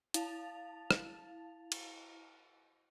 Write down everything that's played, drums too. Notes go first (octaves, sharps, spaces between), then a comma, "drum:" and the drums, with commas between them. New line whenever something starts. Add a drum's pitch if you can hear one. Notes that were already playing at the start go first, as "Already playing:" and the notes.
E4 F5 A5 A6 F7, drum: hi-hat
drum: rim click
drum: cymbal